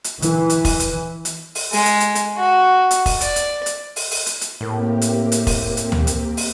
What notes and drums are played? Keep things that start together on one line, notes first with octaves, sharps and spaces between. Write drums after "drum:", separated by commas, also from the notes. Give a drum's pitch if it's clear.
drum: hi-hat
E3, drum: hi-hat
drum: hi-hat
drum: kick, open hi-hat
drum: hi-hat
drum: hi-hat
drum: open hi-hat
G#3, drum: open hi-hat
drum: hi-hat
drum: hi-hat
drum: hi-hat
F#4
drum: hi-hat
drum: kick, open hi-hat
D5, drum: hi-hat
drum: hi-hat
drum: hi-hat
drum: open hi-hat
drum: open hi-hat
drum: hi-hat
drum: hi-hat
A2 A#3 C4 G4 A#4
drum: hi-hat
drum: hi-hat
drum: kick, open hi-hat
drum: hi-hat
drum: tom D2
drum: hi-hat
drum: open hi-hat